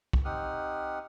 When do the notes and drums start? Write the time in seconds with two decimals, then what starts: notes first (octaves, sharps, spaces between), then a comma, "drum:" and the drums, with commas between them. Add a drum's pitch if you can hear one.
0.13 drum: kick
0.25 C4 D#4 G4 F#5 D#6 F6